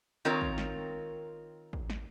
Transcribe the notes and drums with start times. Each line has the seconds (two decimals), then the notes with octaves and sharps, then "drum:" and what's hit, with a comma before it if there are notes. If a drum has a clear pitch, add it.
0.25 D#3 C4 F4 A#4 C#5
0.41 drum: kick
0.58 drum: snare
1.73 drum: kick
1.90 drum: snare